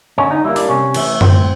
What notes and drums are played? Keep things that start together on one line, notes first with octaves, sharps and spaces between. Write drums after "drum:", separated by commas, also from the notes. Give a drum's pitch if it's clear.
D3 C#4
D#4
G3 A#3 E4
D4, drum: open hi-hat
C3 C#4
E3 A3, drum: cymbal
A2 C4, drum: tom F#2